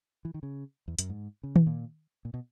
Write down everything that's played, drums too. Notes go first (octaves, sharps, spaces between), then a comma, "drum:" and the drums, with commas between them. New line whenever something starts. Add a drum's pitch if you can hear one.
E3
D#3
C#3
E2
F#2, drum: hi-hat
G#2
C#3
B2, drum: tom D#3
A#2
A#2
B2